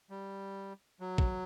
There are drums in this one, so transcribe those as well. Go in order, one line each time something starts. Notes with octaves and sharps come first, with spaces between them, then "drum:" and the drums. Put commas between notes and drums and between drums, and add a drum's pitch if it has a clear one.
G3
F#3
drum: kick